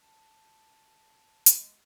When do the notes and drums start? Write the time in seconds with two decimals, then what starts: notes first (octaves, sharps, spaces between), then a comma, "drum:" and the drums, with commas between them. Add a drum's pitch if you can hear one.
0.02 A5
1.46 G#3, drum: hi-hat